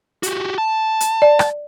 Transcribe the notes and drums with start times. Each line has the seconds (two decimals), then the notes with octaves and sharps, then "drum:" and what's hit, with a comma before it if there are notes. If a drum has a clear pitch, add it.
0.23 F#4 G4, drum: hi-hat
0.58 A5
1.00 drum: hi-hat
1.22 D5
1.39 drum: rim click